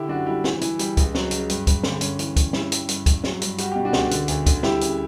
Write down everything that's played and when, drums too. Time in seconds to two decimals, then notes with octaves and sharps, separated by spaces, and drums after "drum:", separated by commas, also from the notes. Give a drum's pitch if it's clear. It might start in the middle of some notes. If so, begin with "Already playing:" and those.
Already playing: D3 E4 G4
0.09 F#2 D4 F#4
0.26 G3 E4 G4
0.44 E3, drum: snare
0.61 E3, drum: hi-hat
0.79 G3, drum: hi-hat
0.97 C#2, drum: kick, hi-hat
1.15 F#3, drum: snare
1.31 C#3, drum: hi-hat
1.50 G2, drum: hi-hat
1.67 G2, drum: kick, hi-hat
1.83 D3, drum: snare
2.01 G2 C#4, drum: hi-hat
2.19 E3, drum: hi-hat
2.36 G2, drum: kick, hi-hat
2.53 G3 C#4 E4, drum: snare
2.72 G3, drum: hi-hat
2.89 G2, drum: hi-hat
3.06 G2, drum: kick, hi-hat
3.24 F#3, drum: snare
3.42 G2, drum: hi-hat
3.58 G3 F#4, drum: hi-hat
3.72 B2 G4
3.85 D4 F#4
3.93 C#2, drum: snare
4.11 D3, drum: hi-hat
4.28 D2, drum: hi-hat
4.46 D3, drum: kick, hi-hat
4.63 G3 E4 G4, drum: snare
4.81 C#3, drum: hi-hat